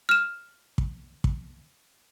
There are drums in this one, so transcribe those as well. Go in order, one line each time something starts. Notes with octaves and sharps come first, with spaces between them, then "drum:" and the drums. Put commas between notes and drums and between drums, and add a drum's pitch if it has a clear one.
F6 E7
drum: kick
drum: kick